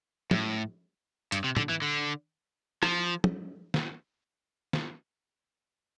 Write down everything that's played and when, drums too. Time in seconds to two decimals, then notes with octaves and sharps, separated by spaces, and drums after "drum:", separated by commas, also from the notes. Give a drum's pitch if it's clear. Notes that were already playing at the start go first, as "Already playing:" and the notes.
0.31 A2, drum: tom
1.32 G2, drum: hi-hat
1.44 C3
1.57 D3, drum: tom
1.69 E3
1.82 D3
2.83 F3, drum: rim click
3.24 drum: tom
3.74 drum: snare
4.73 drum: snare